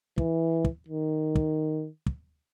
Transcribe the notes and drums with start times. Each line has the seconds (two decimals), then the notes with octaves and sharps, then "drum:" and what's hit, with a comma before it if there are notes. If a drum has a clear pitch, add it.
0.18 E3, drum: kick
0.65 drum: kick
0.89 D#3
1.35 drum: kick
2.06 drum: kick